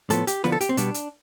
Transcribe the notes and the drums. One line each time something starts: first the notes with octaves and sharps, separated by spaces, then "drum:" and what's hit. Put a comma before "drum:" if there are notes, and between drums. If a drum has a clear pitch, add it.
A2 F3 B3 A4, drum: hi-hat
G4, drum: hi-hat
D3 F3 B3 B4, drum: snare
A4
G4, drum: hi-hat
C4
B2 G3 B3 D4, drum: hi-hat
drum: hi-hat